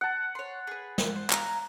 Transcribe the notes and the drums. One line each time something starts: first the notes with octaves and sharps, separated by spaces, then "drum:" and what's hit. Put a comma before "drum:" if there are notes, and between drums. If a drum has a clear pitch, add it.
F#5 A5
C#5 C6
G#4 B4
drum: snare
C5
F5 G#5 A#5, drum: clap